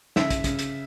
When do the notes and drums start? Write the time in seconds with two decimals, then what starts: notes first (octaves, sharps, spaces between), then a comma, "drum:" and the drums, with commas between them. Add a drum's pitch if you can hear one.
0.16 C#3 E5, drum: snare
0.30 drum: kick, hi-hat
0.44 C#3, drum: kick, hi-hat
0.59 drum: hi-hat